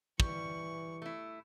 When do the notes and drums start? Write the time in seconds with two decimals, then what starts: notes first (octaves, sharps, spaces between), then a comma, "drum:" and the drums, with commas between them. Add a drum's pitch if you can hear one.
0.20 E3 G3 C#6, drum: kick
1.02 A3 E4